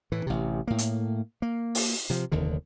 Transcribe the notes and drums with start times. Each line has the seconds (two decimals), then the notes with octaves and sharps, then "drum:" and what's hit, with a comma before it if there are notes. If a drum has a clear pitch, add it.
0.12 A2 E3
0.27 A1 C3
0.67 A2 A#3
0.78 drum: hi-hat
1.42 A#3
1.75 drum: open hi-hat
2.10 C3 F3
2.32 F1 D#2 D3 D#3